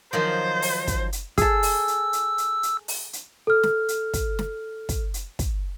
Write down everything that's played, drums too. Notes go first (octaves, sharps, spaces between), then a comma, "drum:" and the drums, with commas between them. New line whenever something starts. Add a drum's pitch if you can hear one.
D#3 F3 F#3 C5
drum: open hi-hat
drum: kick, hi-hat
drum: hi-hat
G#4 A4 E6, drum: kick, hi-hat
drum: open hi-hat
drum: hi-hat
drum: hi-hat
drum: hi-hat
drum: hi-hat
drum: open hi-hat
drum: hi-hat
A4 F6
drum: snare
drum: hi-hat
drum: kick, hi-hat
drum: snare
drum: kick, hi-hat
drum: hi-hat
drum: kick, hi-hat